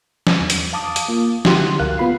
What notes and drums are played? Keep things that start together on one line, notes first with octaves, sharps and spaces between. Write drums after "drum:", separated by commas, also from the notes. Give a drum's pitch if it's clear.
drum: snare
E2
drum: hi-hat
F5 A5 D6 D#6
drum: hi-hat
A#3 F4
D3 E4 F#4 G4 C6 F#6, drum: snare
C#2 F#3 A#4 F5 F#6
B3 F4 B5 C7